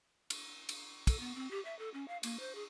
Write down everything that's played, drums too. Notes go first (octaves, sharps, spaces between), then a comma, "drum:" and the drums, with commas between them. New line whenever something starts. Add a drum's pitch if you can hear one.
drum: cymbal
drum: cymbal
A4, drum: kick, cymbal
B3
C4
G4
E5
A4
C#4
F5
A#3, drum: cymbal
C5
G#4